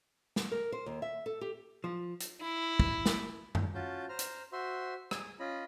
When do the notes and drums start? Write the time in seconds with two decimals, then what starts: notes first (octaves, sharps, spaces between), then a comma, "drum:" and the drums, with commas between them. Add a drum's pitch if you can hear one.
0.36 drum: snare
0.51 A#4
0.72 C5
0.86 D#2
1.02 E5
1.26 A4
1.41 G4
1.84 F3
2.20 drum: hi-hat
2.41 E4
2.80 drum: kick
3.06 drum: snare
3.55 drum: tom F#2
3.74 C#4 F4 F#4 A5 G6
4.09 C5 A#5 F6
4.19 drum: hi-hat
4.53 F#4 C5 E5 C6
5.11 G#4 D#6, drum: rim click
5.40 C#4 F4 D#5 B5